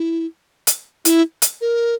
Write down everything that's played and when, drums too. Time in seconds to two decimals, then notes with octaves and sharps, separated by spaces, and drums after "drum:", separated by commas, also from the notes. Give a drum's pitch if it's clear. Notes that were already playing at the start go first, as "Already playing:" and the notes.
Already playing: E4
0.67 drum: hi-hat
1.05 E4, drum: hi-hat
1.42 drum: hi-hat
1.61 A#4